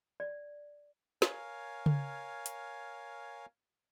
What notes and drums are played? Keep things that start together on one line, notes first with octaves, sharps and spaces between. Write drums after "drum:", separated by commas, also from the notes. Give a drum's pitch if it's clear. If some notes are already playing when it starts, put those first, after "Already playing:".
D5
A#4 C#5 F5 G#5, drum: snare
drum: tom C#3
drum: hi-hat